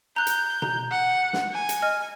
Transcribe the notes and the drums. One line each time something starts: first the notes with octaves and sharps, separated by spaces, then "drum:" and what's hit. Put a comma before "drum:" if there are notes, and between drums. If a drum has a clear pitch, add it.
A#5 F#6 G6
drum: hi-hat
A#5, drum: tom B2
F#5
drum: snare
G#5
drum: hi-hat
D#5 F6